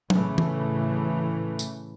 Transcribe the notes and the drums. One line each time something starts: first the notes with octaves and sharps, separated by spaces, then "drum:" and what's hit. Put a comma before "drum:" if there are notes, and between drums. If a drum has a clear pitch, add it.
A2 C#3 E3 A3, drum: tom
drum: tom E3
drum: tambourine